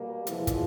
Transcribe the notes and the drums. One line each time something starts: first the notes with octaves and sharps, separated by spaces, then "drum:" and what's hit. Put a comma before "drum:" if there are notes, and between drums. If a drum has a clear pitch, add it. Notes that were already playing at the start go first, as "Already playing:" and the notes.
Already playing: B2 G3 A#3
E2 C3 E3 F3 G#3 F4, drum: hi-hat
drum: kick, hi-hat